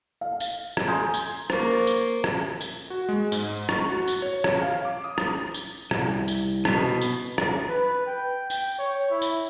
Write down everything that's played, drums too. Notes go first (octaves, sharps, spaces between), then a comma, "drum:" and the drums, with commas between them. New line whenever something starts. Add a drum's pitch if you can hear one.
F5
drum: tambourine
drum: rim click
G#5 A#5 C6 D#6 G6 G#6
drum: tambourine
A#3 C5 C#6, drum: rim click
drum: tambourine
drum: rim click
drum: tambourine
F#4
G#3
G#2, drum: tambourine
C#6, drum: rim click
F#4
drum: tambourine
C#5
drum: rim click
F5
D6
D#6
drum: rim click
drum: tambourine
C2, drum: rim click
drum: tambourine
B2, drum: rim click
drum: tambourine
drum: rim click
B4
G5
G5, drum: tambourine
C#5
E4
drum: tambourine